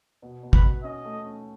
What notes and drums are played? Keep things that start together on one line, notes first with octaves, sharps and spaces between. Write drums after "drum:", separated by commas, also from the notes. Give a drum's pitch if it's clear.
B2
B2
B4, drum: kick
B2
C#4 D#5
A3
C#4